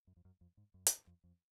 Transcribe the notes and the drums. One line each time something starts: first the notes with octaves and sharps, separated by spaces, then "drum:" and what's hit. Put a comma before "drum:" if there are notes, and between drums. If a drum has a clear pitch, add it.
F#2
F2
F#2
F2
G#2
F#2
drum: hi-hat
F2
F2